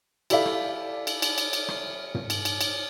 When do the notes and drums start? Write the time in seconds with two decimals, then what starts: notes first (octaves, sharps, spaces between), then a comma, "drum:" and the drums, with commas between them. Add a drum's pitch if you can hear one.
0.30 E4 G4 A4 D5 E5 F5, drum: cymbal
0.46 drum: rim click
1.07 drum: cymbal
1.22 drum: cymbal
1.38 drum: cymbal
1.53 drum: cymbal
1.68 drum: rim click
2.15 drum: tom
2.30 drum: cymbal
2.45 drum: cymbal
2.61 drum: cymbal